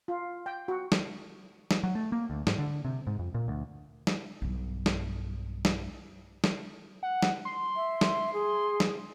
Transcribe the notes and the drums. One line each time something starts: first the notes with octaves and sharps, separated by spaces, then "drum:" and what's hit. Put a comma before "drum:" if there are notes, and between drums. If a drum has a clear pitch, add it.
F4
G5
F#4
drum: snare
drum: snare
F#3
A3
A#3
D2
G#2, drum: snare
D3
C3
G#2
F2
A#2
D2
drum: snare
B1 G2
drum: snare
drum: snare
drum: snare
F#5
drum: snare
C6
E5
drum: snare
G#4
drum: snare